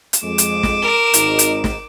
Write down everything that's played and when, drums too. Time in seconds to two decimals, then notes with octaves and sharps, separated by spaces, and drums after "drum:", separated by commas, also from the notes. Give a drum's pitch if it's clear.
0.13 drum: hi-hat
0.23 F2 G#3 D6 E7
0.38 drum: hi-hat
0.63 drum: snare
0.82 A#4
1.14 G#1 D#4, drum: hi-hat
1.39 drum: hi-hat
1.64 drum: snare